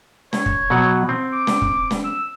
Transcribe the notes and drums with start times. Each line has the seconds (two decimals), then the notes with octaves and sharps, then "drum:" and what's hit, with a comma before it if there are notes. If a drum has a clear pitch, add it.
0.33 C#5, drum: snare
0.46 drum: kick
0.70 B2 F#3 F#5
1.09 C4
1.33 D6
1.47 drum: snare
1.62 drum: kick
1.91 drum: snare
2.04 E6